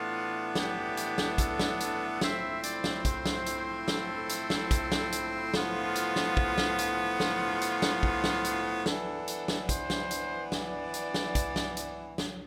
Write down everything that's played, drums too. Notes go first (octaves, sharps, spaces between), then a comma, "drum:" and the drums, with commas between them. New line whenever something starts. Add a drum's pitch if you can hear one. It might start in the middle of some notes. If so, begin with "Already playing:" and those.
Already playing: A2 E3 B3 D4 F4
G4, drum: snare
drum: hi-hat
drum: snare
A4, drum: kick, hi-hat
drum: snare
A4, drum: hi-hat
A2 F3 C4 E4 E5, drum: snare
D5, drum: hi-hat
drum: snare
C5, drum: kick, hi-hat
drum: snare
drum: hi-hat
A4, drum: snare
drum: hi-hat
drum: snare
drum: kick, hi-hat
drum: snare
drum: hi-hat
A2 F3 B3 F4, drum: snare
drum: hi-hat
drum: snare
drum: kick
drum: snare
drum: hi-hat
F4, drum: snare
drum: hi-hat
drum: snare
drum: kick
drum: snare
drum: hi-hat
E3 B3 D4 A4, drum: snare
drum: hi-hat
drum: snare
C5, drum: kick, hi-hat
drum: snare
drum: hi-hat
D5, drum: snare
drum: hi-hat
drum: snare
drum: kick, hi-hat
drum: snare
drum: hi-hat
drum: snare